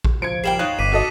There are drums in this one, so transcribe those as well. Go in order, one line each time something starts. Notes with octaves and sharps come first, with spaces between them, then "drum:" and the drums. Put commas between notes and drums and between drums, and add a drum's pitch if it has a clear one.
drum: kick A1
F3 G#6 C#7 D7
G3 A#3 G5 C7 E7 F#7
D#4 F4 C#5 F#6
G1 D6 B6 D#7
F#4 A4 D#5